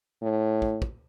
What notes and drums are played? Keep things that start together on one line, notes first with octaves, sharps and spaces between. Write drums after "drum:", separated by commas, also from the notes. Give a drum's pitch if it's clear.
A2
drum: kick
drum: kick